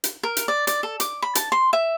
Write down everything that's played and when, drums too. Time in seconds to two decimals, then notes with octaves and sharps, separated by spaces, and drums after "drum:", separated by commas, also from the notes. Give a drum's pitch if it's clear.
0.04 drum: hi-hat
0.23 A#4
0.37 drum: hi-hat
0.48 D5
0.67 D5, drum: hi-hat
0.83 A4
1.00 D6, drum: hi-hat
1.22 B5
1.35 A5, drum: hi-hat
1.52 C6
1.73 E5